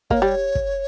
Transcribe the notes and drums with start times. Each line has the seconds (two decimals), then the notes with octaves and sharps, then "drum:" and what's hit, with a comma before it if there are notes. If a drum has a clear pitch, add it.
0.10 A#3 C#5 D#5, drum: kick
0.22 G3
0.55 drum: kick